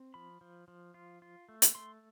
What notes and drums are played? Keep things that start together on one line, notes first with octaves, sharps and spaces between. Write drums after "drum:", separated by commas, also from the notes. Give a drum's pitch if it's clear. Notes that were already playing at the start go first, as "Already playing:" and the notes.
Already playing: C4
F3 B5
F3
F3
F4
F4
A3
drum: hi-hat
A3 C6